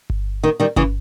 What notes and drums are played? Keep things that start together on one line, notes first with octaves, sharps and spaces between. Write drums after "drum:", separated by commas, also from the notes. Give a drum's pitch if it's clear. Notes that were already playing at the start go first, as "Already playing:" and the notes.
drum: kick G1
D#3
D#3 G3
C#3 E3, drum: kick G1